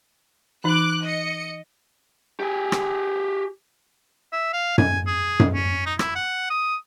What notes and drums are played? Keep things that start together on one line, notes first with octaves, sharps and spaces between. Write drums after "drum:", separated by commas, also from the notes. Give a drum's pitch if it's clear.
E3 D#4 D6 F#6
D#5 C#7
G4 G#4
drum: rim click
E5
F5
G#5, drum: tom F#2
G#4
drum: tom F#2
C#4
D#4
E4, drum: rim click
F#5
D#6